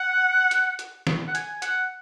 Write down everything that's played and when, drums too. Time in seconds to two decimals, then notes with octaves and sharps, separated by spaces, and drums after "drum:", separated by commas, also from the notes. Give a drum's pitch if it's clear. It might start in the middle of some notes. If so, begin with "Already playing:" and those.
Already playing: F#5
0.51 drum: hi-hat
0.79 drum: hi-hat
1.07 drum: snare
1.28 F#5
1.35 G#5, drum: hi-hat
1.62 F#5, drum: hi-hat